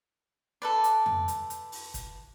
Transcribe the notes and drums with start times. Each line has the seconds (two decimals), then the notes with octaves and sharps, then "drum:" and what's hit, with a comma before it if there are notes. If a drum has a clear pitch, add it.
0.62 A4 B4 D5
0.84 drum: hi-hat
1.06 drum: tom F2
1.28 drum: hi-hat
1.50 drum: hi-hat
1.72 drum: open hi-hat
1.94 drum: kick, hi-hat